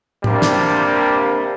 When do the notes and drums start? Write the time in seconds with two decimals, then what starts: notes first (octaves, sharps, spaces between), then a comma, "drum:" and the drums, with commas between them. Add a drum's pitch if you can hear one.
0.24 C3 G3 A#3 D4, drum: tom A2
0.42 drum: snare